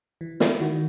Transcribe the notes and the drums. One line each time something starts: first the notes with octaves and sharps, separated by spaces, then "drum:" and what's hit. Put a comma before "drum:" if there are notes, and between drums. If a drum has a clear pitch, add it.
E3
E3 E4, drum: snare
D#3 F#4